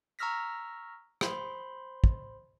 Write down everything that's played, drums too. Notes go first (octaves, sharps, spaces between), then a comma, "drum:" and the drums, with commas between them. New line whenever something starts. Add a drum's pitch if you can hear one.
A#5 C#6 E6 F6 A#6 B6
C5 B5 C6, drum: rim click
drum: kick